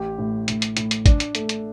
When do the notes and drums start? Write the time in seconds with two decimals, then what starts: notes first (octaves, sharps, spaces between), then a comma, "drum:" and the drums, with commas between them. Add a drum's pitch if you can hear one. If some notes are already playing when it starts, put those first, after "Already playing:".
Already playing: A1 G4
0.18 A2
0.48 A2, drum: hi-hat
0.62 drum: hi-hat
0.77 A2, drum: hi-hat
0.91 drum: hi-hat
1.06 D4, drum: kick, hi-hat
1.20 drum: hi-hat
1.35 A3, drum: hi-hat
1.49 drum: hi-hat